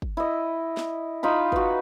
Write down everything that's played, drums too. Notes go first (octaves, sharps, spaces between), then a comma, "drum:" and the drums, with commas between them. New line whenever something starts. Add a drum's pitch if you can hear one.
drum: kick
E4 D#5
drum: snare
D#4 F4 B5
F#4 B4, drum: kick